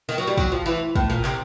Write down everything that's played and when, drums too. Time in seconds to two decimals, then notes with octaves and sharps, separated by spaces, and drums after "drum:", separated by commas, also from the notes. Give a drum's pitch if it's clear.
0.09 D#3
0.18 F#3
0.27 G3
0.37 F#3, drum: kick
0.52 F3
0.66 E3
0.96 A2, drum: kick
1.10 A#2
1.24 C3, drum: clap